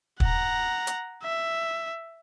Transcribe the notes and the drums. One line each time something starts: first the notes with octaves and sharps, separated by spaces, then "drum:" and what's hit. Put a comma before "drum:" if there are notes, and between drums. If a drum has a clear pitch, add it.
F#5 A#5, drum: kick
drum: hi-hat
E5